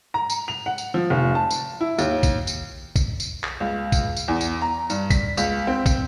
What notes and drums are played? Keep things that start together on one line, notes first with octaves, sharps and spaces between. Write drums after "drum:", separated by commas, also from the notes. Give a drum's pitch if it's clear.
A#5
drum: tambourine
F7
F#5
drum: tambourine
F3
F1
A5
drum: tambourine
E4
D#2, drum: tambourine
drum: kick, tambourine
drum: tambourine
drum: kick, tambourine
drum: tambourine
drum: clap
C#2
drum: kick, tambourine
drum: tambourine
E2
drum: tambourine
A#5
G2, drum: tambourine
B6, drum: kick, tambourine
C#2, drum: tambourine
C4
drum: kick, tambourine